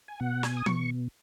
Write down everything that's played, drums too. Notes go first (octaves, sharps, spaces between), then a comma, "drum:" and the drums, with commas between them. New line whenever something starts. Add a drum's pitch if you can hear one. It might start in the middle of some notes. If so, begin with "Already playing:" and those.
G#5
B2 F#5
G#5, drum: snare
D#6
B2 C#6, drum: tom